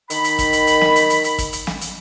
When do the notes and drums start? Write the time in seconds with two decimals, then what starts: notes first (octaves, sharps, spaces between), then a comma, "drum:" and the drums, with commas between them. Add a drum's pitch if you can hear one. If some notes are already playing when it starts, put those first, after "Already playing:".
0.10 D#3 B5, drum: hi-hat
0.24 drum: hi-hat
0.39 drum: kick, hi-hat
0.53 drum: hi-hat
0.67 drum: hi-hat
0.81 drum: snare
0.96 drum: hi-hat
1.10 drum: hi-hat
1.24 drum: hi-hat
1.38 drum: kick, hi-hat
1.53 drum: hi-hat
1.67 drum: snare
1.81 drum: hi-hat